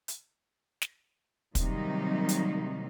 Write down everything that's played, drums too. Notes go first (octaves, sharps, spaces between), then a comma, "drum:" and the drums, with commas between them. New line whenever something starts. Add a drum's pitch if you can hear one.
drum: hi-hat
drum: snare
C3 D#3 F#3 G3 A#3 D#4, drum: kick, hi-hat
drum: hi-hat